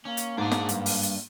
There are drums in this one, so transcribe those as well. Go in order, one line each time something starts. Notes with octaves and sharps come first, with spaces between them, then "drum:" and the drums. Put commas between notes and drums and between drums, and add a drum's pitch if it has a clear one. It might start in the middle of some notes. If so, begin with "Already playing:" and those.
A#3 C#4
drum: hi-hat
G#2 D4 G#4
drum: snare
G2, drum: hi-hat
drum: open hi-hat
drum: hi-hat